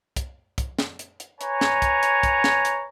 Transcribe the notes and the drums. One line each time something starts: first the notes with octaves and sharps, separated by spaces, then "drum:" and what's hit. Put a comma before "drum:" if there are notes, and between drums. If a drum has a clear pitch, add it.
drum: kick, hi-hat
drum: kick, hi-hat
drum: snare
drum: hi-hat
drum: hi-hat
B4 C#5 G#5 A#5, drum: hi-hat
drum: snare
drum: kick, hi-hat
drum: hi-hat
drum: kick, hi-hat
drum: snare
drum: hi-hat